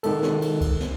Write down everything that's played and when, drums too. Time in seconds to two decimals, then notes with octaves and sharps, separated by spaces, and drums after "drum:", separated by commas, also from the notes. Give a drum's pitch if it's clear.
0.03 D#3 G#3 A4, drum: cymbal
0.23 drum: snare
0.42 drum: cymbal
0.61 drum: kick, cymbal
0.80 drum: snare